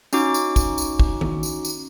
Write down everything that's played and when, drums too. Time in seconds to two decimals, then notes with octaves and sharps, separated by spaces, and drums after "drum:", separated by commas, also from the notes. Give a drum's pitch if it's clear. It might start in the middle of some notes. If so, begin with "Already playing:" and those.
0.13 C#4 D#4 F#4 D6, drum: tambourine
0.34 drum: tambourine
0.56 drum: kick, tambourine
0.78 drum: tambourine
0.99 drum: kick
1.21 drum: tom D#3
1.43 drum: tambourine
1.65 drum: tambourine